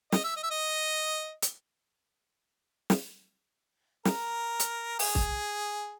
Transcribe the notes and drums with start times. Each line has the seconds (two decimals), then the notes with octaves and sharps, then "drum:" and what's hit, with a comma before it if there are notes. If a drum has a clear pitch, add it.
0.12 D#5, drum: snare
0.24 E5
0.36 D#5
0.43 E5
0.51 D#5
1.42 drum: hi-hat
2.90 drum: snare
4.05 A#4, drum: snare
4.60 drum: hi-hat
4.99 G#4, drum: open hi-hat
5.15 drum: kick